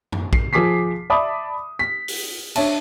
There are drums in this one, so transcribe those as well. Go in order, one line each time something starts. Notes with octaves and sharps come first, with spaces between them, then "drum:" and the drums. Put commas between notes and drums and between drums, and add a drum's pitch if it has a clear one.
drum: tom F#2
C7, drum: kick
F3 G#4 D6 B6 C7
D5 E5 A5 B5 D6 D#6
B6
drum: open hi-hat
D4 C#5 E5 A5, drum: cymbal